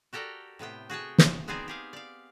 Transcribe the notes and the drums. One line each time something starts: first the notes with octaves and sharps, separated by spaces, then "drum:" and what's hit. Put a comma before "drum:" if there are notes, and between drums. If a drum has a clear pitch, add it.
F#4 G4 A4 A#4 D5 G5
A2 C3 B3 G5
F#4 G#4 G5 A5
drum: snare
B3 C4 D#4 G#4 C5 D5
G4 G#4 F5
D5 F5